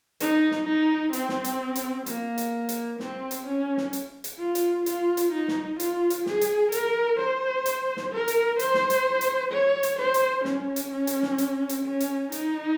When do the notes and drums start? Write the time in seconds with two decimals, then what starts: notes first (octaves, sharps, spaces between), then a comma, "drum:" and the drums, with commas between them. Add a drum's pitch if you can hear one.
0.20 D#4, drum: hi-hat
0.51 drum: snare
0.67 D#4
1.13 C4, drum: hi-hat
1.29 drum: snare
1.44 drum: hi-hat
1.75 drum: hi-hat
2.06 A#3, drum: hi-hat
2.38 drum: hi-hat
2.69 drum: hi-hat
3.00 C4, drum: snare
3.31 drum: hi-hat
3.47 C#4
3.77 drum: snare
3.93 drum: hi-hat
4.24 drum: hi-hat
4.39 F4
4.55 drum: hi-hat
4.86 F4, drum: hi-hat
5.17 drum: hi-hat
5.32 D#4
5.48 drum: snare
5.80 F4, drum: hi-hat
6.10 drum: hi-hat
6.26 G#4, drum: snare
6.41 drum: hi-hat
6.72 A#4, drum: hi-hat
7.19 C5
7.66 drum: hi-hat
7.97 drum: snare
8.12 A#4
8.28 drum: hi-hat
8.59 C5, drum: hi-hat
8.74 drum: snare
8.90 drum: hi-hat
9.21 drum: hi-hat
9.52 C#5
9.83 drum: hi-hat
9.99 C5
10.14 drum: hi-hat
10.45 C#4, drum: snare
10.76 drum: hi-hat
10.92 C#4
11.07 drum: hi-hat
11.23 drum: snare
11.38 drum: hi-hat
11.69 drum: hi-hat
11.85 C#4
12.00 drum: hi-hat
12.32 D#4, drum: hi-hat